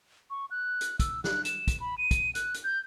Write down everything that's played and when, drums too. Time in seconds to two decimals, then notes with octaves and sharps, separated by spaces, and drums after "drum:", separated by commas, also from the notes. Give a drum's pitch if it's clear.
0.30 C#6
0.51 F#6
0.81 drum: hi-hat
1.00 E6, drum: kick, hi-hat
1.24 F#6, drum: snare
1.45 E7, drum: hi-hat
1.68 drum: kick, hi-hat
1.80 B5
1.98 D#7
2.11 drum: kick, hi-hat
2.35 F#6, drum: hi-hat
2.54 drum: hi-hat
2.64 G6